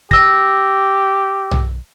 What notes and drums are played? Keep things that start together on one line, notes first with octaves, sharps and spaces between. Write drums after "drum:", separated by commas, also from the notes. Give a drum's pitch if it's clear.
G4 E6 A#6, drum: kick
drum: tom B1